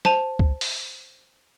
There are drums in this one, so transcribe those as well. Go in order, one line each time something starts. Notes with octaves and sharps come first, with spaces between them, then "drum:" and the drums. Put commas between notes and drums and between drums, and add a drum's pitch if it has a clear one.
C5 A5 D#7 F7, drum: snare
drum: kick C#2
drum: open hi-hat